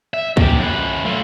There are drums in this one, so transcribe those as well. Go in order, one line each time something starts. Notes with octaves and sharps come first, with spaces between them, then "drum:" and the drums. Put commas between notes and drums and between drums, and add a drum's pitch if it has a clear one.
E5
A#2 G4, drum: kick
F#2 B4
A3 F4